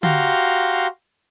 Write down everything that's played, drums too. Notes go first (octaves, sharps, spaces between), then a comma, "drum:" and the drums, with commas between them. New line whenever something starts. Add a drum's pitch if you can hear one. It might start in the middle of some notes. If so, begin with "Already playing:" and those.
F#4 G4 F5 A#5 C6, drum: tom D3